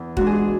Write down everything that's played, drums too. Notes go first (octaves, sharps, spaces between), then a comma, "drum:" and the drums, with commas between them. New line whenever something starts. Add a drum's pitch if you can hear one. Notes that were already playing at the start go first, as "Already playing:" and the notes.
Already playing: E2
G#2 G#3 D4 F#4, drum: kick
G#4
F#4